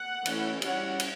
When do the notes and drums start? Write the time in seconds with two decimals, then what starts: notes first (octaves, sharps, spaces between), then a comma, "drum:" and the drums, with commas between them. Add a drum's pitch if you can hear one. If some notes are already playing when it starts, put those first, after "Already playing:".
Already playing: F#5
0.26 E3 A3 C#4 E4, drum: cymbal
0.62 G3 C#4 E4 F#5, drum: cymbal
1.00 drum: cymbal